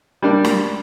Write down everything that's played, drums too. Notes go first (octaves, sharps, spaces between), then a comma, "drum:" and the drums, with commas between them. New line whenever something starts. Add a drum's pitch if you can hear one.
G3 A#3 D4
drum: snare